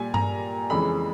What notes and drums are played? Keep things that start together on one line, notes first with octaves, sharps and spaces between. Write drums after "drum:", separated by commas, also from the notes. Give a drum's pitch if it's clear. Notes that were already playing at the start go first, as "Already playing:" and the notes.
Already playing: A#2 G3 G#5
A#5, drum: tom G2
F2 C#3 E3 G#3 B5